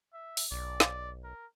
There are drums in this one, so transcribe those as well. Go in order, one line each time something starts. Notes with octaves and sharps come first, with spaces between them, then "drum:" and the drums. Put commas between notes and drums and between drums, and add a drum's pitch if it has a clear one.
E5
drum: open hi-hat
B1 D5
drum: snare
A#4